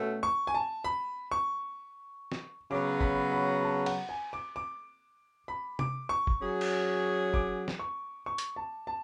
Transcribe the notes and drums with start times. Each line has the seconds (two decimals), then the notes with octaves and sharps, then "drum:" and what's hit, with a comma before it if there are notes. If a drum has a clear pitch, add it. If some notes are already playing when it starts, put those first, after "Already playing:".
Already playing: B2 A3 C#4
0.23 C#6
0.47 G#5
0.54 A5
0.84 B5
1.31 C#6
2.32 drum: snare
2.70 C#3 F#3 B3 D6
3.01 B5, drum: kick F#1
3.32 B5
3.63 A5
3.86 F#5, drum: cymbal
4.09 G#5
4.33 D6
4.56 D6
5.48 B5
5.79 D6, drum: tom C3
6.09 C#6
6.27 drum: kick F#1
6.41 F#3 C#4 G#4
6.61 drum: cymbal
7.34 D6, drum: kick F#1
7.68 drum: snare
7.79 C#6
8.26 C#6
8.38 drum: hi-hat
8.56 A5
8.87 A5